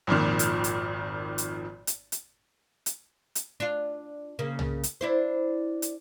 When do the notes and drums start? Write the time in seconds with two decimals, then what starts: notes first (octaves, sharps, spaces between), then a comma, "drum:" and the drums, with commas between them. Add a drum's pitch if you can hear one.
0.07 G#1 F2 A#2 D#3
0.39 drum: hi-hat
0.64 drum: hi-hat
1.38 drum: hi-hat
1.87 drum: hi-hat
2.12 drum: hi-hat
2.86 drum: hi-hat
3.35 drum: hi-hat
3.60 D4 F4
4.39 C#3 A#3
4.59 drum: tom
4.83 drum: hi-hat
5.01 D4 E4 C5
5.82 drum: hi-hat